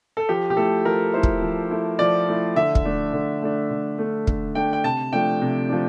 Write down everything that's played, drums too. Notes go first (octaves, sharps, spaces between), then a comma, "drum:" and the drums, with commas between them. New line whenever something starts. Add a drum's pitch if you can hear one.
A4
F3 G4
G4
A3 E4 A4
F3 A#4
A3 E4 C5
drum: kick
F3
A3 E4
F3 D5
A3 E4
D3 E5
drum: kick
A3 D4
D3
A3 D4
D3
A3 D4
D3, drum: kick
A3 D4 G5
G5
C3 A5
F3 A3 D4 G5
C3
F3 A3 D4